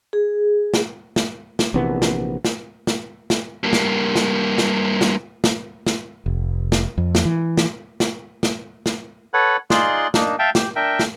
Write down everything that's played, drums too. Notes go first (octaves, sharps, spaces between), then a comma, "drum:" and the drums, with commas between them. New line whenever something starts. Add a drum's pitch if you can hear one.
G#4
drum: snare
drum: snare
drum: snare
A#1 C3 E3 B3
drum: snare
drum: snare
drum: snare
drum: snare
G2 A#3
drum: snare
drum: snare
drum: snare
drum: snare
drum: snare
drum: snare
F1
drum: snare
F2
drum: snare
E3
drum: snare
drum: snare
drum: snare
drum: snare
A4 B4 C#5 F#5
D#4 F4 G#4 D5 C6 F#6, drum: snare
A#3 D4 D#4, drum: snare
E5 F5 G5 A5
G4, drum: snare
D4 A#4 E5 G5
drum: snare